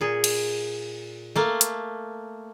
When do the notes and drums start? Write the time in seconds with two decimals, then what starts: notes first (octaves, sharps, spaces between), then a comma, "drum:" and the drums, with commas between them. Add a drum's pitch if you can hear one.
0.01 A#2 G#4
0.24 drum: cymbal
1.36 A3 A#3
1.61 drum: hi-hat